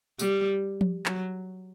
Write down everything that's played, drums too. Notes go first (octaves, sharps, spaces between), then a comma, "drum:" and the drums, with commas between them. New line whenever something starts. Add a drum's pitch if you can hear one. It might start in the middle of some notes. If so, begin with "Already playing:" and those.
G3, drum: tambourine
drum: tom F3
F#3, drum: clap